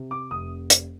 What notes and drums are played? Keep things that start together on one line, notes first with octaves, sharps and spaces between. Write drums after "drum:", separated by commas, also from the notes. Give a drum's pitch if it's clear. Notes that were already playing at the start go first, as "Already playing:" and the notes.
Already playing: C3
D6
F1 D#6
drum: hi-hat